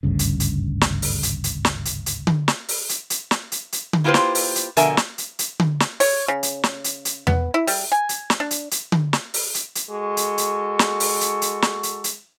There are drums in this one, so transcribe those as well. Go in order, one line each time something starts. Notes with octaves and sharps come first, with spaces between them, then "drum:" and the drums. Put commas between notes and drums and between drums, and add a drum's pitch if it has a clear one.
G#1 D2 G2 C#3
drum: hi-hat
drum: hi-hat
drum: snare
drum: open hi-hat
drum: hi-hat
drum: hi-hat
drum: snare
drum: hi-hat
drum: hi-hat
drum: tom D3
drum: snare
drum: open hi-hat
drum: hi-hat
drum: hi-hat
drum: snare
drum: hi-hat
drum: hi-hat
drum: tom D3
A#3 E4 F4 G4 B4 C5
drum: snare
drum: open hi-hat
drum: hi-hat
B2 D3 F3 A#4 E5 G#5, drum: hi-hat
drum: snare
drum: hi-hat
drum: hi-hat
drum: tom D3
drum: snare
C#5, drum: open hi-hat
C#3
drum: hi-hat
drum: snare
drum: hi-hat
drum: hi-hat
B3, drum: tom E2
E4
G3, drum: open hi-hat
G#5
drum: hi-hat
drum: snare
D4
drum: hi-hat
drum: hi-hat
drum: tom D3
drum: snare
drum: open hi-hat
drum: hi-hat
drum: hi-hat
G#3 F#4 A4 C#6
drum: hi-hat
drum: hi-hat
drum: snare
drum: open hi-hat
drum: hi-hat
drum: hi-hat
drum: snare
drum: hi-hat
drum: hi-hat